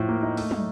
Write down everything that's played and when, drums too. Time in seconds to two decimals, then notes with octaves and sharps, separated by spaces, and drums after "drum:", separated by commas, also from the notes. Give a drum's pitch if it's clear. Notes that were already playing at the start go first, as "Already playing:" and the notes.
Already playing: A2 F3
0.09 A#3
0.23 D#4
0.37 A3, drum: open hi-hat
0.51 A3, drum: tom